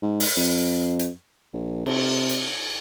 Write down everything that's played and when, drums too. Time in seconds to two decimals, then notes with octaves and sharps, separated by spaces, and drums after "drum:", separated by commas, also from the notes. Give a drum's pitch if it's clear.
0.02 G#2
0.20 drum: open hi-hat
0.37 F2
0.99 drum: hi-hat
1.53 A#1
1.86 C3, drum: cymbal
2.29 drum: hi-hat